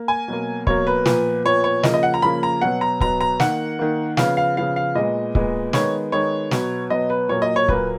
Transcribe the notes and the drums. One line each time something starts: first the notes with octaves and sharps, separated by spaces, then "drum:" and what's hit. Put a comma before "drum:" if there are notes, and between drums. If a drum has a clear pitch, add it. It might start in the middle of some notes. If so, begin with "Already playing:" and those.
Already playing: A#3
G#5
B2 F#3 A#3
B2 F#3 A#3 C#5, drum: kick C#1
B4
A#2 F3 B3, drum: snare
A#2 F3 B3 C#5
C#5
C#3 F3 A#3 D#5, drum: snare
D#5
F#5
A#5
C#3 F3 A#3 B5
A#5
B2 F#3 B3 F#5
A#5
B2 F#3 B3 A#5, drum: kick C#1
A#5
D#3 A#3 F#5, drum: snare
D#3 A#3
C#3 F3 B3 F5, drum: snare
F5
C#3 F3 B3 F5
F5
A#2 G#3 B3 D#5
A#2 G#3 B3, drum: kick C#1
D#3 G#3 B3 C#5, drum: snare
D#3 G#3 B3 C#5
B2 F#3 B3, drum: snare
B2 F#3 B3 D#5
B4
A#2 F#3 A#3 C#5
D#5
C#5
A#2 F#3 A#3 B4, drum: kick C#1